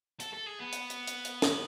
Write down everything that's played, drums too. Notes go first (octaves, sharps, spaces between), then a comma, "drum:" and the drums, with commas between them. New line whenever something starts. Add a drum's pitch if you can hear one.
A4, drum: hi-hat
A4
G#4
B3
drum: hi-hat
drum: hi-hat
drum: hi-hat
drum: hi-hat
drum: snare